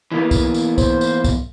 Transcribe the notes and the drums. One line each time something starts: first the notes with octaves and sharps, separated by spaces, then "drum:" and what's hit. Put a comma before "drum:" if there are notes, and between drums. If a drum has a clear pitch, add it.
E3 A#3 B3
drum: kick, tambourine
drum: tambourine
C5, drum: kick, tambourine
drum: tambourine
drum: kick, tambourine